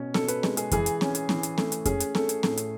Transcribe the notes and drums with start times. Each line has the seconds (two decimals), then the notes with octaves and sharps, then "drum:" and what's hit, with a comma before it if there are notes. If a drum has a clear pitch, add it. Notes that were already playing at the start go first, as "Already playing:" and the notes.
Already playing: B2 C#4
0.14 B2 A4, drum: snare C4
0.28 B4, drum: hi-hat
0.43 G#3, drum: snare C4
0.57 G#4, drum: hi-hat
0.71 E3 G#4, drum: kick F2, hi-hat
0.86 drum: hi-hat
1.01 C#4, drum: snare C4
1.15 drum: hi-hat
1.29 E3, drum: snare C4
1.43 drum: hi-hat
1.58 A3, drum: snare C4
1.72 drum: hi-hat
1.85 C#4 G#4, drum: kick F2, hi-hat
2.00 drum: hi-hat
2.15 A3 A4, drum: snare C4
2.29 drum: hi-hat
2.43 A2 A4, drum: snare C4
2.57 drum: hi-hat